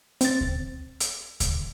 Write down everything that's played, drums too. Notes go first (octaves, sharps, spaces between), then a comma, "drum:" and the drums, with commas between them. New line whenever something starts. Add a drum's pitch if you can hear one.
C4 A6, drum: hi-hat
drum: kick D2
drum: hi-hat
drum: kick D2, hi-hat